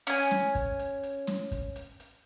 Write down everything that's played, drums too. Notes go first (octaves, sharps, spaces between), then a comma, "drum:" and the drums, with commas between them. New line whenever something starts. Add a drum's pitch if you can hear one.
C#4 G#5, drum: hi-hat
drum: snare
drum: kick, hi-hat
drum: hi-hat
drum: hi-hat
drum: snare
drum: kick, hi-hat
drum: hi-hat
drum: hi-hat